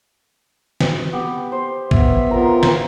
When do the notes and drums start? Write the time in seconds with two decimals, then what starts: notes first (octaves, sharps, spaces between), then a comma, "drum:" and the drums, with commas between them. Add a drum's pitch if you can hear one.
0.81 drum: snare
1.12 B3 G4
1.52 C5
1.91 B3 E5, drum: kick
2.31 B3 C4 F4 A#4 A#5
2.63 drum: snare